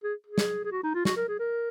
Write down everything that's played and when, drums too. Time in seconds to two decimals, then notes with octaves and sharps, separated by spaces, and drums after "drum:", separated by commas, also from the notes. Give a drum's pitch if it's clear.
0.04 G#4
0.27 G#4
0.38 drum: snare
0.65 G#4
0.72 F#4
0.83 D#4
0.94 F4
1.05 F#4, drum: snare
1.17 A#4
1.28 G#4
1.39 A#4